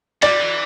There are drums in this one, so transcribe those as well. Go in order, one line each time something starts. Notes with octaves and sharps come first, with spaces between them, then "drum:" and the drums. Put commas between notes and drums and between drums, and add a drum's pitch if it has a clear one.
G3 D5, drum: cymbal
E3